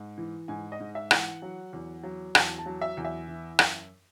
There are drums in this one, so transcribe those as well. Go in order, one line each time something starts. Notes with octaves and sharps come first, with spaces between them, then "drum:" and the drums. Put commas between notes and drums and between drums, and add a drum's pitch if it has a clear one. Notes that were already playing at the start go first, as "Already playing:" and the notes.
Already playing: G#2
E3
G#2 G#5
D#5
G#2
E5
E3, drum: rim click
F#5
F#3
E2
F#3
E2 A5, drum: rim click
A5
F#3
E5
E2
E5
E3
F#2, drum: rim click